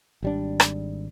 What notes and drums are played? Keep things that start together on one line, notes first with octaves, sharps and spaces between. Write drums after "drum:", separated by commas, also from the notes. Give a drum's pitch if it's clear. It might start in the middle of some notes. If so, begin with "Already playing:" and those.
G#1 G3 D4
drum: rim click